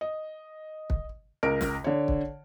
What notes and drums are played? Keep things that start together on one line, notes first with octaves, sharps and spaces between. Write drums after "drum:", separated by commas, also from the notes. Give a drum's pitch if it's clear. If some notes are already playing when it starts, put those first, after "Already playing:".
D#5
drum: kick
C#2 A#4 D7
drum: snare
D3 C#5
drum: kick